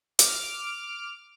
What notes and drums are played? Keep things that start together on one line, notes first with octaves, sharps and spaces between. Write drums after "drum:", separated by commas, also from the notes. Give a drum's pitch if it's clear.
D6 F6, drum: hi-hat